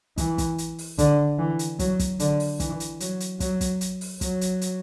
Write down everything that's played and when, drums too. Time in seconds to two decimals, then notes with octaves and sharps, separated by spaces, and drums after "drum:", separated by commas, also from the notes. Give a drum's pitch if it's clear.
0.18 E3, drum: kick, hi-hat
0.38 drum: kick, hi-hat
0.58 drum: hi-hat
0.78 drum: open hi-hat
0.98 D3, drum: kick, hi-hat
1.39 E3
1.59 drum: hi-hat
1.79 F#3, drum: kick, hi-hat
1.99 drum: kick, hi-hat
2.20 D3, drum: hi-hat
2.40 drum: open hi-hat
2.60 E3, drum: kick, hi-hat
2.80 drum: hi-hat
3.00 F#3, drum: hi-hat
3.20 drum: hi-hat
3.40 F#3, drum: kick, hi-hat
3.61 drum: kick, hi-hat
3.81 drum: hi-hat
4.01 drum: open hi-hat
4.21 F#3, drum: kick, hi-hat
4.41 drum: hi-hat
4.61 drum: hi-hat